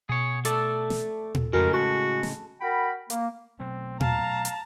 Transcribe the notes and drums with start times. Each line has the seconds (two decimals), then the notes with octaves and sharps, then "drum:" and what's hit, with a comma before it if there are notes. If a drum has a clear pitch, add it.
0.09 B2 G#4 C#5
0.45 A3 A4 D5, drum: hi-hat
0.90 drum: snare
1.35 drum: tom A#2
1.53 F2 A2 C#3 G#3 F#4 A#4
1.73 F#4 A5
2.23 drum: snare
2.61 F#4 A#4 G5 B5
3.10 A#3, drum: hi-hat
3.60 B2 F#3 A3 C4
4.00 F5 A5 A#5, drum: tom A#2
4.45 drum: hi-hat